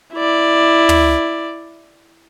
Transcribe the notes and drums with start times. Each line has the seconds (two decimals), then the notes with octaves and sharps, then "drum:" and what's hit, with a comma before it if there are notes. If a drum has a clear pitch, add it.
0.14 E4 D5
0.89 drum: tom